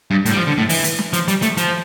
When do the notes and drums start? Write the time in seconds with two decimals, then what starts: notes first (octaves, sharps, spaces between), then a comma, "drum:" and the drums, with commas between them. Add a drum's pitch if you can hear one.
0.11 G2
0.26 A2, drum: hi-hat
0.32 G3
0.36 F3
0.47 D3
0.58 A2
0.69 E3, drum: open hi-hat
0.84 drum: hi-hat
0.99 drum: snare
1.13 F3, drum: hi-hat
1.28 G3, drum: hi-hat
1.42 A3, drum: hi-hat
1.57 F3, drum: hi-hat